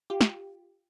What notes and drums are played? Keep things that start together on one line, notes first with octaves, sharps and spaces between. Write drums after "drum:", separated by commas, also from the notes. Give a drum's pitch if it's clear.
F4 G4
drum: snare